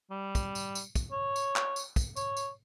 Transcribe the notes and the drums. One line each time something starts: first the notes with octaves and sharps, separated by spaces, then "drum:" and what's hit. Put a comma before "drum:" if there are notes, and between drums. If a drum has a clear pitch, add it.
G3
drum: kick, tambourine
drum: tambourine
drum: tambourine
drum: kick, tambourine
C#5
drum: tambourine
drum: clap
drum: tambourine
drum: kick, tambourine
C#5, drum: tambourine
drum: tambourine